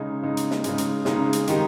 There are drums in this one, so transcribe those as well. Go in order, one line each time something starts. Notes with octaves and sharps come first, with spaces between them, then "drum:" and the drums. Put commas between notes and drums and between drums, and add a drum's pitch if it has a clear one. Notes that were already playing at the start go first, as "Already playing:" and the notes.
Already playing: C#3 G#3 D#4 G#4
C#3 G#3 D#4 G#4
drum: hi-hat
drum: snare
C#3 G#3 D#4 G#4, drum: hi-hat
drum: hi-hat
C#3 G#3 D#4 G#4, drum: snare
drum: hi-hat
D#3 G#3 D#4 G4, drum: hi-hat